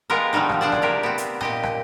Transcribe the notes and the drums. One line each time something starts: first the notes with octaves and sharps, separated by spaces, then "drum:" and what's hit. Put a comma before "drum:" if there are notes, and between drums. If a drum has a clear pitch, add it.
G#3 B3 F4 G4 A#4
D3 D#3 F3 G3 D#4
drum: rim click
D4 G#4 C5 D5
drum: rim click
C3 G4 A#4
B3 C4
drum: hi-hat
A#2 G4 D#5, drum: rim click
drum: rim click